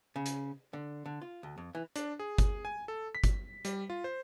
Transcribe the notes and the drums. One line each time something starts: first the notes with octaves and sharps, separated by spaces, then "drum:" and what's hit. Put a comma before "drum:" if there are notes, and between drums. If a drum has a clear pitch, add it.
C#3
drum: hi-hat
D3
D3
F4
D2
F2
E3
D4, drum: hi-hat
G#4
drum: kick G1, hi-hat
G#5
A4
B6
drum: kick G1, hi-hat
G3, drum: hi-hat
F4
C5